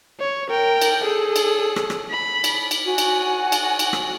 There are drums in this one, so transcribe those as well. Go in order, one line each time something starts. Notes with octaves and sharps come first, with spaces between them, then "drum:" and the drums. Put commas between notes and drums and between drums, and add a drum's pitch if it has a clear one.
C#5
A#4 G5
drum: cymbal
G#4 A4
drum: cymbal
drum: rim click
drum: rim click
B5
drum: cymbal
drum: cymbal
F#4 G#5
drum: cymbal
drum: cymbal
drum: cymbal
drum: rim click